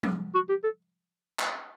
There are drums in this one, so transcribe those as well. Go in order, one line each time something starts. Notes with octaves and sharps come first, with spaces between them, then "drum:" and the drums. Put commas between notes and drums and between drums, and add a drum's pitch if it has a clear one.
drum: tom F3
F#4
G4
A4
drum: clap